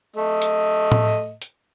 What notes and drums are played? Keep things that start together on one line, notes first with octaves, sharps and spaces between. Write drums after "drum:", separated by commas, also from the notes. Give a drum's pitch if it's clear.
A3 D#5
drum: hi-hat
drum: tom A2
drum: hi-hat